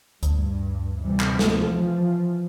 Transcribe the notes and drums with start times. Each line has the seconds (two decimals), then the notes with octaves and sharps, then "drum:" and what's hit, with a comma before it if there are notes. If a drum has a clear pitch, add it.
0.23 D2 G2, drum: hi-hat
1.03 C3 E3 G3
1.20 drum: clap
1.39 E3 F3, drum: snare